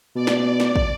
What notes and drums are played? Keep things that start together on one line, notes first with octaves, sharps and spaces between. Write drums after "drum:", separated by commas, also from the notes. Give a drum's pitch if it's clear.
B2 D5
drum: snare
drum: snare
drum: kick